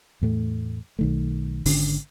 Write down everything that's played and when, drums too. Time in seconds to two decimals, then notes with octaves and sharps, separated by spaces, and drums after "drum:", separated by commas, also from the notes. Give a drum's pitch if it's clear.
0.21 E2 A2 A3
0.99 B1 D#3 A3
1.65 G#1 D3 C#4 D4, drum: open hi-hat